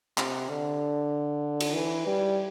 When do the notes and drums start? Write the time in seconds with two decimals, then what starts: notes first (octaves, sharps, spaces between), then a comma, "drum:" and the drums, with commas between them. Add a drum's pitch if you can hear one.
0.18 C3, drum: clap
0.49 D3
1.60 drum: cymbal
1.75 E3
2.07 G3